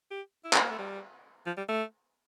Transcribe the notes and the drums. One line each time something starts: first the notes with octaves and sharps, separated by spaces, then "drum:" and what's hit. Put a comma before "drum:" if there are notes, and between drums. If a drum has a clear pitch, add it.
G4
E4
D4, drum: clap
A#3
A3
G3
F3
G3
A3